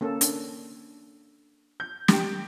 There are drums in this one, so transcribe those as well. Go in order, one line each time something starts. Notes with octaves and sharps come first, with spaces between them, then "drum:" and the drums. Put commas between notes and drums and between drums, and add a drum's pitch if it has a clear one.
A#3 C#4 A4
D4, drum: hi-hat
G6
G4 G5, drum: snare